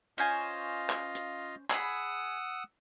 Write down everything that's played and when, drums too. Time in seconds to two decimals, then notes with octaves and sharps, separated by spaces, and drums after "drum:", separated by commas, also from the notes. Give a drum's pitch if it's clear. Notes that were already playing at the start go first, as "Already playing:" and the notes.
0.18 C#4 F4 C5 D#5 F5 G#5
0.90 drum: clap
1.15 drum: hi-hat
1.70 G#4 F#5 B5 D#6 E6, drum: clap